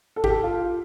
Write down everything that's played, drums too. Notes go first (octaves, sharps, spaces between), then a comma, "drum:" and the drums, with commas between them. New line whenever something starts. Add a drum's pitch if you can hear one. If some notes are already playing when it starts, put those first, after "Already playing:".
A4
G4, drum: kick
A4
F4